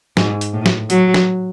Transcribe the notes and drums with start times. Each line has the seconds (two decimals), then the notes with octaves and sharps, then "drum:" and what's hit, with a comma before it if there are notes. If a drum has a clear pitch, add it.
0.17 G#2, drum: snare
0.41 drum: hi-hat
0.54 A2
0.66 drum: snare
0.90 F#3, drum: hi-hat
1.14 drum: snare